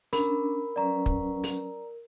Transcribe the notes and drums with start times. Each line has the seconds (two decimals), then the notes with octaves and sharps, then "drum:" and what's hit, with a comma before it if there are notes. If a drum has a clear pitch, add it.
0.13 C#4 D4 A#4 B5, drum: open hi-hat
0.76 F#3 C#4 B4 D5 A#5
1.06 drum: kick
1.44 drum: open hi-hat